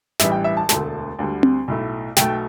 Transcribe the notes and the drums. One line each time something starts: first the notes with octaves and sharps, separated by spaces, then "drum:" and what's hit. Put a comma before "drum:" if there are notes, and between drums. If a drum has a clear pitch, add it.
A1 G2 E3 G3 E5, drum: snare
G5
E5
A5
E1 D2 D3 A3 A5, drum: snare
D2 D3 G3
drum: tom C4
B1 A2 A3
B1 B2 A3 G5, drum: snare